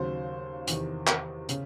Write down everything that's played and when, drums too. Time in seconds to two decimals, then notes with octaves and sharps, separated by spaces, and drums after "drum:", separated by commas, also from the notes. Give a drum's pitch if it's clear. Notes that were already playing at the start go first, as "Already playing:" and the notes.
Already playing: D#2 C#3 F#3 C5
0.67 E2 C3 D#3, drum: hi-hat
1.07 drum: clap
1.49 C#3, drum: hi-hat